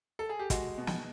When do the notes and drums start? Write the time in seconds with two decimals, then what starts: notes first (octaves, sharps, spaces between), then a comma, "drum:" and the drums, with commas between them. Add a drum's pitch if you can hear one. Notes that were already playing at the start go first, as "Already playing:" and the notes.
0.19 A4
0.29 G#4
0.39 G4
0.50 G#3 F#4, drum: kick, hi-hat
0.78 B2
0.87 drum: snare